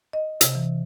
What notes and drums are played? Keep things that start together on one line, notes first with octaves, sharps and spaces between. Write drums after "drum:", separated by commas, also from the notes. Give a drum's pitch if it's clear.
D#5
C3, drum: hi-hat
E3